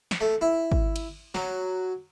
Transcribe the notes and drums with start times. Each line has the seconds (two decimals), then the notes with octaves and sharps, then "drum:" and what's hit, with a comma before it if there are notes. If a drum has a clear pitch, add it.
0.11 drum: snare
0.21 A3
0.41 E4
0.72 drum: kick
0.96 drum: cymbal
1.34 F#3, drum: snare